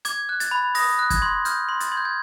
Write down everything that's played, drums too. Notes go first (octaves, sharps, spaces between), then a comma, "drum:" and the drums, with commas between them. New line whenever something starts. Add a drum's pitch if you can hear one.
D6 G#6, drum: hi-hat
F#6
A6, drum: hi-hat
B5
D#6 A#6, drum: open hi-hat
F#6
G#6, drum: kick, hi-hat
C6
F6 G6, drum: hi-hat
C6
A6, drum: hi-hat
C6 G#6
G6
G#6